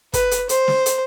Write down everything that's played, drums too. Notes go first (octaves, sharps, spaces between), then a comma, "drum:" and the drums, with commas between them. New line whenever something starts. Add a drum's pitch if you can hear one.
B4, drum: kick, hi-hat
drum: hi-hat
C5, drum: hi-hat
drum: snare
drum: hi-hat